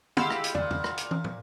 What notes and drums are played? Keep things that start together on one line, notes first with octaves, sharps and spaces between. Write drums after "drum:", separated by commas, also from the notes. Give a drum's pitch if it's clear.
G#3 E4 G4 F5 F#5 B5 C6 E6, drum: tom
drum: rim click
drum: hi-hat
A#2 D5, drum: tom
drum: tom
drum: rim click
drum: hi-hat
drum: tom
drum: tom